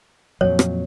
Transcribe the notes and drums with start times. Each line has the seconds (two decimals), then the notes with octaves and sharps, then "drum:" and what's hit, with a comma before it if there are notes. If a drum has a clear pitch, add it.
0.41 F2 A#2 F#3 C#5
0.59 drum: rim click